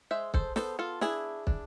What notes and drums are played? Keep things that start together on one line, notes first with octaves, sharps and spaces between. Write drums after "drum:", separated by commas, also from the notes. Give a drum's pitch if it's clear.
G#3 C5 E5
A4 C5, drum: kick
B3 A4 C5, drum: snare
F4 A4
D4 E4 G#4, drum: snare
D4, drum: kick